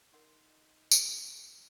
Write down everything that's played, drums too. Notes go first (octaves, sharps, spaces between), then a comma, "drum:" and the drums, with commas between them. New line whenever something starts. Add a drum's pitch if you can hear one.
D#4 A#4 F#5 C6
G#4, drum: tambourine